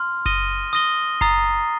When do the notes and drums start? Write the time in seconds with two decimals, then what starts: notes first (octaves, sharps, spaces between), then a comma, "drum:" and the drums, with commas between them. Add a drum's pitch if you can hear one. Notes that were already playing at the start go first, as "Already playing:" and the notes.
Already playing: C6 F6
0.26 D#6 A#6 D#7 G7, drum: kick F#1
0.49 drum: open hi-hat
0.73 D#6 A#6 D#7 G7
0.97 drum: hi-hat
1.21 A#5 D#6 A6 C7, drum: kick F#1
1.45 drum: hi-hat